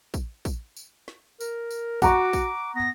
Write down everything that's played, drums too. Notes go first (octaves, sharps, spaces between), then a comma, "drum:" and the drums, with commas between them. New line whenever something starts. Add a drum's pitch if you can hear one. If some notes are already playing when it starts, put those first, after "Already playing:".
drum: kick, tambourine
drum: kick, tambourine
drum: tambourine
drum: snare
A#4, drum: tambourine
drum: tambourine
F#4 F#5 A#5 C#6 D6, drum: kick, tambourine
drum: kick, tambourine
B3 A#6